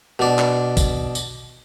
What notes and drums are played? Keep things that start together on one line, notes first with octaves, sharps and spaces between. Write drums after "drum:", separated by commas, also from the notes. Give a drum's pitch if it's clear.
B2 D4
drum: clap
drum: kick, tambourine
drum: tambourine